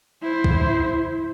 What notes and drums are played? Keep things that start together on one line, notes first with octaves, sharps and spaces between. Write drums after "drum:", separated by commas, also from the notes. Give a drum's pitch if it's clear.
E4 C5
drum: kick